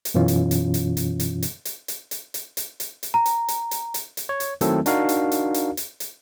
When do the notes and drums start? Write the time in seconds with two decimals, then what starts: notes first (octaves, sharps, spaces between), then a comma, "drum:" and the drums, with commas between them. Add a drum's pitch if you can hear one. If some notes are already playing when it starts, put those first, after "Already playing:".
0.05 drum: hi-hat
0.14 F#2 B2 E3 C#4 F4
0.28 drum: hi-hat
0.51 drum: hi-hat
0.74 drum: hi-hat
0.97 drum: hi-hat
1.20 drum: hi-hat
1.42 drum: hi-hat
1.65 drum: hi-hat
1.88 drum: hi-hat
2.11 drum: hi-hat
2.34 drum: hi-hat
2.57 drum: hi-hat
2.80 drum: hi-hat
3.03 drum: hi-hat
3.14 A#5
3.26 drum: hi-hat
3.48 drum: hi-hat
3.71 drum: hi-hat
3.94 drum: hi-hat
4.17 drum: hi-hat
4.29 C#5
4.40 drum: hi-hat
4.61 D#3 F#3 A3 C4 E4 A4, drum: hi-hat
4.86 D4 D#4 F#4 A#4 F5, drum: hi-hat
5.09 drum: hi-hat
5.32 drum: hi-hat
5.54 drum: hi-hat
5.77 drum: hi-hat
6.00 drum: hi-hat